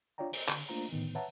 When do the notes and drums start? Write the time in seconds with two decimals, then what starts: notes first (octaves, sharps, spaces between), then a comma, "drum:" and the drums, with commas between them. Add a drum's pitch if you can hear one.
0.18 D4 F4 C#5 D5 G5 A#5
0.33 C5, drum: open hi-hat
0.49 D3, drum: clap
0.69 A3 A#3 D4 F4 C5 A#5
0.91 A2 D3 D#3 B3
1.15 B4 C#5 E5 F#5 A5 A#5